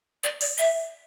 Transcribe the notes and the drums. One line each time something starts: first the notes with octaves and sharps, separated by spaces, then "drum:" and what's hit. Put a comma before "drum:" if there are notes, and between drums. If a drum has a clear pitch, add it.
D5, drum: hi-hat
D5, drum: open hi-hat
E5, drum: hi-hat